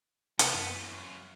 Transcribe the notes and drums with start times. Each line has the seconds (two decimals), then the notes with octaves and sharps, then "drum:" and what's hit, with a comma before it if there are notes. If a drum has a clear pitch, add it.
0.39 C3 B3 B4 A#5, drum: hi-hat
0.53 F#2 E4
0.75 F#2 F4 C#6